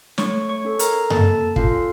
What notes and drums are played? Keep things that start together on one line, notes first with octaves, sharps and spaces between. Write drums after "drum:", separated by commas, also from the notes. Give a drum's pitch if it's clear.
A3 C#5 C#6, drum: snare
C#5 C#6
C#4 A4
A#4 A#5, drum: hi-hat
A#3 A4 A5, drum: tom F#2
C#4 F4 A4 F5, drum: kick